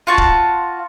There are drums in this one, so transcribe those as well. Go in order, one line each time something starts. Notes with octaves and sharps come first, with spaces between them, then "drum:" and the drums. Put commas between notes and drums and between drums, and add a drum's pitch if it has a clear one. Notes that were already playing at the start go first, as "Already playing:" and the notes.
F4 F#4 A5
drum: kick D1